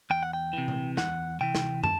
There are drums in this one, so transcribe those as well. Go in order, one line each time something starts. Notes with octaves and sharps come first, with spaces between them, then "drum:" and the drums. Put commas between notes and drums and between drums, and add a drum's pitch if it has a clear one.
E2 G5
F#5
G5
C3 E3
drum: tom A#2
E2 F#5, drum: snare
C3 E3 G5
drum: snare
A5, drum: tom